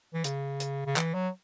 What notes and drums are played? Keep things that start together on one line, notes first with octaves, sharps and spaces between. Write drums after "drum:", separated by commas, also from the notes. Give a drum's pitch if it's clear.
E3
C#3, drum: hi-hat
drum: hi-hat
C#3
E3, drum: clap
F#3